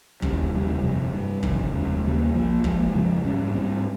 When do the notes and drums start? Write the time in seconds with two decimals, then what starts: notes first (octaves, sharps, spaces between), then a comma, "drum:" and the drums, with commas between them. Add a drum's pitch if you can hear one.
0.22 D#2 C#3 G3, drum: kick
0.53 F1 D#2 C#3 G3
0.82 G1 F2 C3 G3
1.12 G2 G3 C4
1.43 G1 F2 C3 D#3, drum: kick
1.73 F1 D#2 C#3 G#3
2.04 D#2 C#3 G3 A#3
2.34 A#1 A#2 F3
2.64 A#1 A#2 F3 G#3, drum: kick
2.94 F2 C#3 F3 G#3
3.25 G#2 G3 C#4
3.54 G#2 G3 C4